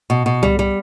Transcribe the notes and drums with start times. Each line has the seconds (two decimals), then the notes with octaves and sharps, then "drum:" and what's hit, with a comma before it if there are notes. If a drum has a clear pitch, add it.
0.10 B2
0.26 B2
0.43 G3, drum: tom C2
0.59 G3